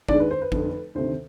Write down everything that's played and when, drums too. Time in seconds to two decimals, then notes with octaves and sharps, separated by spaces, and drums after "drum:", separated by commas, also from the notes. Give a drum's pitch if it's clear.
0.08 D#2 D#3 G#3 D4 D5, drum: kick
0.20 B4
0.31 C5
0.42 B4
0.52 F1 F2 D3, drum: kick
0.95 D2 C3 D#3 C5